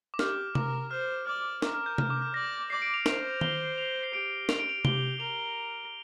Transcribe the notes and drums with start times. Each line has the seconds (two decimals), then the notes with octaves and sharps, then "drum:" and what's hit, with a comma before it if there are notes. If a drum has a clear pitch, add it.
0.14 D6
0.19 G4 F6, drum: snare
0.55 A#4 D6, drum: tom C3
0.91 C5 F6
1.27 D5 F6
1.62 A#4 D6, drum: snare
1.74 F6
1.86 G6
1.98 F6, drum: tom C3
2.10 D6
2.22 F6
2.34 D5 A#6
2.70 D5 C7
2.82 D7
2.94 F7
3.06 C5 F7, drum: snare
3.41 G7, drum: tom D#3
3.78 F7
4.03 C7
4.13 G4 D7
4.49 F7, drum: snare
4.59 D7
4.69 F7
4.85 G4 G7, drum: tom C3
5.20 A#4 F7